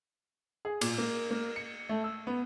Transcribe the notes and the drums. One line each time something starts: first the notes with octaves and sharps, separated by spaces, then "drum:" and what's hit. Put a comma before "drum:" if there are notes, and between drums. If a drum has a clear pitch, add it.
G#4
A#2, drum: cymbal
A#3
A#3
C#7
A3
E6
B3